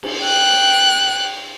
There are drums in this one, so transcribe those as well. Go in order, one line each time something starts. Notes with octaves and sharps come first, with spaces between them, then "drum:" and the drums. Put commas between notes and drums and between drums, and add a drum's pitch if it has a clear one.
drum: cymbal
G5 F#6